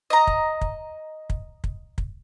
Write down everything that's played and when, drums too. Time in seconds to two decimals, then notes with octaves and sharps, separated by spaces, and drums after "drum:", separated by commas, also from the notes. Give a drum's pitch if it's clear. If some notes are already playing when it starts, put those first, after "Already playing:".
0.10 D#5 A#5
0.27 drum: kick
0.61 drum: kick
1.30 drum: kick
1.64 drum: kick
1.98 drum: kick